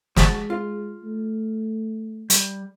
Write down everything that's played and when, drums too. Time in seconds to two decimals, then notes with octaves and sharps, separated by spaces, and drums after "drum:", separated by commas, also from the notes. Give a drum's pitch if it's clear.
0.16 G#3 F#4 A5, drum: snare
0.50 F4
1.04 A3
2.30 G3, drum: hi-hat